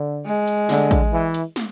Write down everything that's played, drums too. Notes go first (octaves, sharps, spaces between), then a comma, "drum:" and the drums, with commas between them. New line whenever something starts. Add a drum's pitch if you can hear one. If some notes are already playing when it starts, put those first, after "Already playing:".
Already playing: D3
G#3
drum: hi-hat
D3, drum: snare
drum: kick, hi-hat
E3
drum: hi-hat
drum: snare